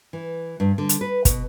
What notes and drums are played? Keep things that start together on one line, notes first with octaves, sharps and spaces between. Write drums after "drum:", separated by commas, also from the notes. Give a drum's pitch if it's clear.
E3
G2
D3
drum: hi-hat
B4
B2, drum: kick, hi-hat